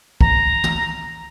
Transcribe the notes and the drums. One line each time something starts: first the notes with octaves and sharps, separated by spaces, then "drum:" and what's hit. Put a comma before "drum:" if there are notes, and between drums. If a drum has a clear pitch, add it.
A#5, drum: kick
drum: tom